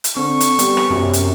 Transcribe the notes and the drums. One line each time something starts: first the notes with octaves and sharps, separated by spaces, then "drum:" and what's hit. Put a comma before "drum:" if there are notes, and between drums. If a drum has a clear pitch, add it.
drum: hi-hat
D3 C4 C#6
drum: hi-hat
G3 B3, drum: hi-hat
drum: rim click
F#2 C3
drum: hi-hat